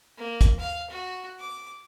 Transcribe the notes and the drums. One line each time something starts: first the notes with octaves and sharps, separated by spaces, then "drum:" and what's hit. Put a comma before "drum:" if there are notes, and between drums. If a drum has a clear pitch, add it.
A#3
drum: kick, hi-hat
F5
F#4
D6